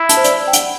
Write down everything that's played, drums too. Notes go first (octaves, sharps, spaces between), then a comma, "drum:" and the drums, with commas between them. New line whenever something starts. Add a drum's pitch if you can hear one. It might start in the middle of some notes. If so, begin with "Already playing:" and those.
Already playing: E4
A5, drum: hi-hat
C5
D5, drum: hi-hat
G5
F#5, drum: hi-hat